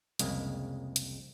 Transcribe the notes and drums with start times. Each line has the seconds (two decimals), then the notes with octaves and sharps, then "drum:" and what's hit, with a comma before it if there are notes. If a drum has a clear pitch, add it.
0.19 C2 F2 C#3 G#3 A#3, drum: hi-hat
0.96 drum: hi-hat